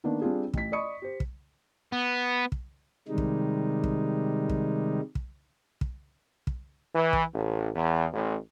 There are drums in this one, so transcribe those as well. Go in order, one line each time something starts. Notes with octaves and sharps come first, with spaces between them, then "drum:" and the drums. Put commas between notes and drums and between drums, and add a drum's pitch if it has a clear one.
D#3 A#3 B3 D4
G3 C4 D4 F4 G#4
A1 B6, drum: kick
D5 D#5 B5 C#6 D#6 C#7
G4 C5
drum: kick
B3
drum: kick
C3 D#3 G3 G#3 D#4
drum: kick
drum: kick
drum: kick
drum: kick
drum: kick
drum: kick
E3
drum: kick
A1
E2
A1